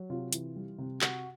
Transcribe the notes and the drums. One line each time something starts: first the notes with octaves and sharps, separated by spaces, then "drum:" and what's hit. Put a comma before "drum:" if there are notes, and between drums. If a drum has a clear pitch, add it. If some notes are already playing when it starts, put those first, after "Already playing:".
Already playing: F#3
C3 F4
E3, drum: hi-hat
G3
C3
C3 F#4, drum: clap